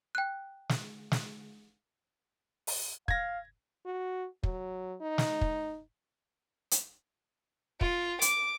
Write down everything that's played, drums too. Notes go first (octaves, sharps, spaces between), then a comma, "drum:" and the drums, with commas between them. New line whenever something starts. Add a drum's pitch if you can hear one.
G5 F#6
drum: snare
drum: snare
drum: open hi-hat
F5 G#6 A#6, drum: kick
F#4
F#3, drum: kick
D#4
drum: snare
drum: kick
drum: hi-hat
F4, drum: kick
D6, drum: hi-hat